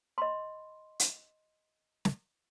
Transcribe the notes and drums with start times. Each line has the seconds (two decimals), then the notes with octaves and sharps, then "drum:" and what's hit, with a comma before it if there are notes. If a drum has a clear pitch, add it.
0.18 D#5 B5 C6
0.99 drum: hi-hat
2.05 drum: snare